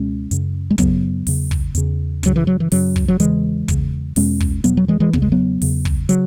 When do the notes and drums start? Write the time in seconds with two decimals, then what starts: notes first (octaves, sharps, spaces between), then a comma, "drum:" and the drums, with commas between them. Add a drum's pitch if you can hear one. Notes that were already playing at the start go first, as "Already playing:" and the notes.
Already playing: C#2 B2 G#3 C#4
0.31 F#2 C#3, drum: hi-hat
0.71 G#3
0.78 F#2 C#3 F#3 B3, drum: kick, hi-hat
1.27 E2 C#3, drum: open hi-hat
1.51 drum: kick
1.75 E2 C#3, drum: hi-hat
2.23 F#2 C#3 F#3, drum: kick, hi-hat
2.36 E3
2.47 F#3
2.60 E3
2.72 F#2 C#3 F#3, drum: open hi-hat
2.96 drum: kick
3.08 F#3
3.20 E2 C#3 E3 G#3, drum: hi-hat
3.68 E2 C#3, drum: kick, hi-hat
4.16 E2 B2 G#3 C#4, drum: open hi-hat
4.40 drum: kick
4.64 E2 B2 F#3 B3, drum: hi-hat
4.77 F#3
4.88 E3 G#3
5.00 E3 G#3
5.13 E2 C#3 B3, drum: kick
5.22 G#3
5.32 F#3 B3
5.62 E2 C#3, drum: open hi-hat
5.85 drum: kick
6.09 C#3 F#3, drum: hi-hat